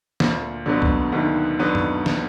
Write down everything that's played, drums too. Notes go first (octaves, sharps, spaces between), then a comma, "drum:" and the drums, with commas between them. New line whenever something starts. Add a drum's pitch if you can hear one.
D2 A#2, drum: snare
B2 D3 F#3 B3
drum: kick
D2 D#3
D3 F#3 B3
drum: tom F#2
drum: snare